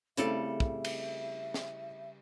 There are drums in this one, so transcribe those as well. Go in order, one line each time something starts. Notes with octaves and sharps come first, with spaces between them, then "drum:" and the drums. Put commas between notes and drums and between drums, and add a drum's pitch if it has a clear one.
C#3 G3 A3 C4 E4 A4 E5, drum: hi-hat
drum: kick
drum: cymbal
drum: snare